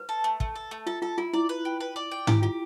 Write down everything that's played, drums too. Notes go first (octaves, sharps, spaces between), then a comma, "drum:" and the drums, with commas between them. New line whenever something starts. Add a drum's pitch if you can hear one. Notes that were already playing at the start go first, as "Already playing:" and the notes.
Already playing: B4
A4
A3
A3, drum: kick
A4
A3
F4 A4
F4 A4
E4 F4
E4 D5
B4
G4
B4
D5
G5
E4 G4, drum: tom G#2
F4 G4